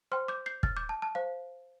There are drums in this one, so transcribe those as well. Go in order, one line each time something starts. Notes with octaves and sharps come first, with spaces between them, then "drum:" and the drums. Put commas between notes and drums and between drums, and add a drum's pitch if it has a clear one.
C5 G5 C6 F6
D6 G6
G6 C7
F6 A6, drum: kick
D6 G6
A5
A5
C5 F5